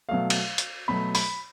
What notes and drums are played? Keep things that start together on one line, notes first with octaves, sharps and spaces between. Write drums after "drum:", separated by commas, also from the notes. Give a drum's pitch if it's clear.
B2 F#3 A3 F5
drum: cymbal
drum: hi-hat
B2 F#3 A3 B5
B5, drum: open hi-hat